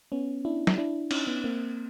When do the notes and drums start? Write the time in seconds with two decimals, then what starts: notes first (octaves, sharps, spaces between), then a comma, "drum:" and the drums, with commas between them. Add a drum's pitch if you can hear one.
0.12 B3 C#4
0.45 D4 E4
0.67 drum: snare
0.78 D4 E4
1.11 C#4 D#4, drum: cymbal
1.27 B3 C#4
1.44 A#3 C4